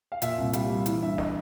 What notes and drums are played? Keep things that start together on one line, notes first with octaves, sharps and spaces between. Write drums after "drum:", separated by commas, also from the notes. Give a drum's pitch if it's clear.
F5
A#2 E5, drum: hi-hat
C2
G3 F5, drum: hi-hat
G3
E3, drum: hi-hat
G2 E5
D#5, drum: snare